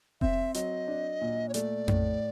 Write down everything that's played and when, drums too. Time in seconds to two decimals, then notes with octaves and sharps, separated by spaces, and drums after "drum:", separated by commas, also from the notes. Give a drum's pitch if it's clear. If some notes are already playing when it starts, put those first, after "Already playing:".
0.21 C4 E5, drum: kick F1
0.54 F#3 D#5, drum: hi-hat
0.88 D4
1.21 A#2
1.49 C#5
1.54 A3 D5, drum: hi-hat
1.88 A2, drum: tom F2